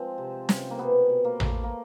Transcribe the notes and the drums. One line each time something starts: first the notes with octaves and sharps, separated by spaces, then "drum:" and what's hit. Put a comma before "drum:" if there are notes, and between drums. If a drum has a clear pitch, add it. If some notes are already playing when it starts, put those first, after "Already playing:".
Already playing: F3 G#3 C4
C3
C3, drum: snare
A#3
B2 B3
B2
A#3
A3, drum: tom A1
A#3